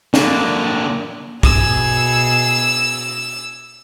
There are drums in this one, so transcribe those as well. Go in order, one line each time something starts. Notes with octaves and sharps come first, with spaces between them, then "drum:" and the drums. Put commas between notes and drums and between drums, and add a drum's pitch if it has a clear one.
D3 A#3, drum: snare
B2 G#4 E6, drum: kick